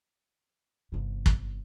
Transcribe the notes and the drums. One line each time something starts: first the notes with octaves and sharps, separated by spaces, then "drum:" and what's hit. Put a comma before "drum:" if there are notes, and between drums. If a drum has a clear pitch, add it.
G1 C3
drum: kick